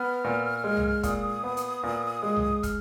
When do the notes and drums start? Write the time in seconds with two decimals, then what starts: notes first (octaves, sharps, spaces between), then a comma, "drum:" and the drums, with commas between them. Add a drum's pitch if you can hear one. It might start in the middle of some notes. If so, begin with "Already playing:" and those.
Already playing: B3 F6
0.24 A#2
0.64 G#3
0.77 drum: tom C2
1.03 A#2 D#6, drum: kick, hi-hat
1.44 B3
1.57 drum: hi-hat
1.83 A#2
2.23 G#3
2.37 drum: tom C2
2.63 F6, drum: kick, hi-hat